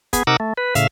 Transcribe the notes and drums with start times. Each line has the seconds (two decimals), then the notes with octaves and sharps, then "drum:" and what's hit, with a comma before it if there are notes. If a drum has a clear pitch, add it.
0.13 B3 G#4, drum: kick, hi-hat
0.27 C3 D#4 A#4 F#5 D6 E6
0.40 A3
0.57 B4
0.75 A2 C#3 E5 F5, drum: hi-hat